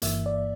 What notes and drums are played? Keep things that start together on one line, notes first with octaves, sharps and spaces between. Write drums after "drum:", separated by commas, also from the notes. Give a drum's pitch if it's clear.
G1 G2 E3 A#3 E5, drum: hi-hat
D5